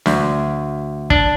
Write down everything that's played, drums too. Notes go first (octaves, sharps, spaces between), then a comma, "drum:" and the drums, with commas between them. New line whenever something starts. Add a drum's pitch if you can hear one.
D2, drum: snare
D4, drum: kick